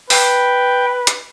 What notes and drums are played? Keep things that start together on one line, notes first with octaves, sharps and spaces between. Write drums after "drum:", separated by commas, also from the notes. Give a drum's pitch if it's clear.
B4 G5, drum: open hi-hat
drum: hi-hat